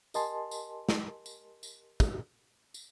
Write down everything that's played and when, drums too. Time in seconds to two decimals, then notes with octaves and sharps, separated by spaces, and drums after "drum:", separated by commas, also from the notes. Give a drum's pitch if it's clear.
0.14 G4 A#4 D#5 G#5 A5 C6, drum: tambourine
0.51 drum: tambourine
0.89 drum: snare
1.26 drum: tambourine
1.63 drum: tambourine
2.00 drum: kick, tambourine
2.74 drum: tambourine